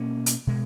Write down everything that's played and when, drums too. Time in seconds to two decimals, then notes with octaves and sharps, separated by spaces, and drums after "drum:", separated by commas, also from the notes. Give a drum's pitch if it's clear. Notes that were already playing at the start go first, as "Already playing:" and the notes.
Already playing: B2 A#3 C#4
0.26 drum: hi-hat
0.47 B2 G#3